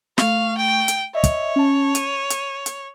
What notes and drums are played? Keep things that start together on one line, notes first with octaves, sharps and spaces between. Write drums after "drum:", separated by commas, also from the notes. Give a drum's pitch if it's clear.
A3 F5 C#6, drum: snare
G5
drum: hi-hat
C#5 D#5 E5
drum: kick, hi-hat
C#4 A5
D#7, drum: hi-hat
drum: hi-hat
drum: hi-hat